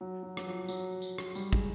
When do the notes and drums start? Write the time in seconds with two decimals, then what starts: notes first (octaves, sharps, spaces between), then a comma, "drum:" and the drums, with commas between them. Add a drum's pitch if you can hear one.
0.01 F#3
0.23 F#3
0.37 F#3, drum: rim click
0.46 F3
0.68 F#3, drum: tambourine
1.02 drum: tambourine
1.18 drum: rim click
1.35 G3, drum: tambourine
1.53 G#3, drum: kick